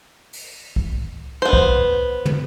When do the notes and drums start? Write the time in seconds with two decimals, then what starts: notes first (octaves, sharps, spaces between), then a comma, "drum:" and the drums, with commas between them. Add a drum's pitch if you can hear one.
0.33 drum: open hi-hat
0.76 drum: kick
1.42 B3 C5
1.53 drum: kick
2.26 drum: tom